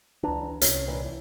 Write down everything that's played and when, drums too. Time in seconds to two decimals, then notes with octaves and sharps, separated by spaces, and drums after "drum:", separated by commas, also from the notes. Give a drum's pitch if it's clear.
0.23 C#2 E3 D4 A#5
0.61 C2 C#4, drum: hi-hat
0.87 A#2 E3 D4
1.05 E3 E4